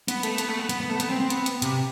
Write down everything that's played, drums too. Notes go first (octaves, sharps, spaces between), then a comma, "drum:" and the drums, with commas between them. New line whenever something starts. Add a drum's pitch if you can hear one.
B3, drum: hi-hat
A3, drum: hi-hat
B3, drum: hi-hat
A3
B3
B3, drum: hi-hat
B3
A3
B3, drum: hi-hat
C4
C4
B3, drum: hi-hat
drum: hi-hat
C3, drum: hi-hat